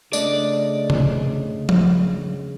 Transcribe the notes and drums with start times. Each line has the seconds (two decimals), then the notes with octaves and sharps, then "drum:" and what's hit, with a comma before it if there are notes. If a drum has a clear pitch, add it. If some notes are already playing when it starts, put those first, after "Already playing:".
0.13 C#3 A3 D4 D5 D#5, drum: tambourine
0.90 drum: tom C3
1.69 drum: tom F3